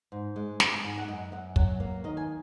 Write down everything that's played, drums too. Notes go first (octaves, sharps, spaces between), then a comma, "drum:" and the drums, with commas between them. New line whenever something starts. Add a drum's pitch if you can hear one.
G#2
G#3
G#3, drum: snare
G#2
F#5
F#2 D#5
F#2 F#5
F#3 F#5, drum: kick
A#3
D#3 D#5
G#5